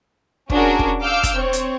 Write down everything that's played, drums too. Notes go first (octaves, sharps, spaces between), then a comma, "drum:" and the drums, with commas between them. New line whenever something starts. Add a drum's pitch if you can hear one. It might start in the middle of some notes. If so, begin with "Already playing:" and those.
C#4 D4 F#4 G#4 A#4, drum: kick
drum: kick
F5 D6 E6 F6 G6
drum: kick, hi-hat
C4 C#5
drum: hi-hat